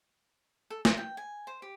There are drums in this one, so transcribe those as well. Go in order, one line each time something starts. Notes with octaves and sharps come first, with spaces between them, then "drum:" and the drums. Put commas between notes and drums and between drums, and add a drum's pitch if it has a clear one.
A4
C5, drum: snare
G5
G#5
C5
G4